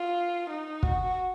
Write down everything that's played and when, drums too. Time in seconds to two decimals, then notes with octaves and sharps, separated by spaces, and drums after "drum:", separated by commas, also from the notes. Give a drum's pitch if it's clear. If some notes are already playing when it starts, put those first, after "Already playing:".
Already playing: F4
0.50 D#4
0.83 F#4, drum: kick